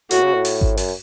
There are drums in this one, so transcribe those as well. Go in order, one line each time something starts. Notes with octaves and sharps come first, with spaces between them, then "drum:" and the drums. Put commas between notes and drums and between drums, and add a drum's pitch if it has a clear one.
A2 F#4, drum: hi-hat
C#3
A2
drum: open hi-hat
drum: kick G#1
F#2, drum: open hi-hat